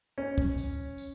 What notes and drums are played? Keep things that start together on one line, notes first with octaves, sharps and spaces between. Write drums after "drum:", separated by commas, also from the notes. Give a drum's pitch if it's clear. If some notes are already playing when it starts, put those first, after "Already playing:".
C#4
drum: kick
drum: tambourine
drum: tambourine